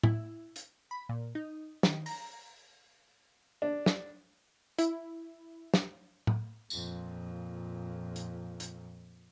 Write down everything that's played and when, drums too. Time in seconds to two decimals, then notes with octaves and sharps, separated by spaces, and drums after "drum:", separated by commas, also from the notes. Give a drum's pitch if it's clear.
0.03 E4, drum: tom A2
0.56 drum: hi-hat
0.91 B5
1.09 A#2
1.35 D#4
1.83 D#3, drum: snare
2.06 A#5, drum: open hi-hat
3.62 D4
3.86 drum: snare
4.79 E4, drum: hi-hat
5.74 drum: snare
6.27 drum: tom A2
6.70 F2 A#2, drum: tambourine
8.16 drum: hi-hat
8.60 drum: hi-hat